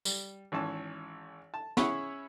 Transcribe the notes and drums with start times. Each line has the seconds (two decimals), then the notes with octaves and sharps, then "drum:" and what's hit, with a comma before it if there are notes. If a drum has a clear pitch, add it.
0.05 G3, drum: tambourine
0.52 G#1 E3 C#4 A5
1.54 A5
1.77 C#4 E4 G#4 C#5 F#5 B5, drum: snare